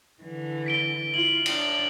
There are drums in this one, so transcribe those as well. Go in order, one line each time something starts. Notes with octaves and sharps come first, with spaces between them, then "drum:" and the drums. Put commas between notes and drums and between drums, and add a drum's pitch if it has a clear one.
D3 E3
B6 D7 G7
E4 F4 F#7
D4, drum: cymbal